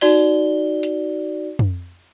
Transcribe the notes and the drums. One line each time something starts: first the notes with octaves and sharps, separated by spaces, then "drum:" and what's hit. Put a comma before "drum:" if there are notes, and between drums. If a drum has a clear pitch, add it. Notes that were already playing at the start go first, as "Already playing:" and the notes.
D#4 F#4 D5 G7, drum: open hi-hat
drum: hi-hat
drum: tom